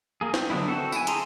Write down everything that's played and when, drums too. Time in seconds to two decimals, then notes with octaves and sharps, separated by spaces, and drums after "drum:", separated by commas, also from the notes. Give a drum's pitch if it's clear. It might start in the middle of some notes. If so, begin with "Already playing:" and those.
0.21 A#3 G#4
0.34 C4, drum: snare
0.50 D3 F#3 B3 D4 E4
0.68 C4 F#4 A4
0.92 E4 G#5, drum: tambourine
1.07 E4 G#4 A5 A#5 C6, drum: hi-hat